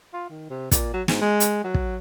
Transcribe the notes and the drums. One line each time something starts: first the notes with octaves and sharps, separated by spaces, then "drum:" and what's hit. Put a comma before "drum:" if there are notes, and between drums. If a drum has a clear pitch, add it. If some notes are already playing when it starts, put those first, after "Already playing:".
F4
D#3
C3
A#2, drum: kick, hi-hat
F#3
G#2, drum: snare
G#3
drum: hi-hat
F#3
drum: kick